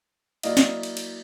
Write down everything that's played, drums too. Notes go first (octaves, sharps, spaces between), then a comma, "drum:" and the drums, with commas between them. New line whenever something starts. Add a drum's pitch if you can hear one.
F#3 A#3 E4 D5 D#5 F5, drum: cymbal
drum: snare
drum: cymbal
drum: cymbal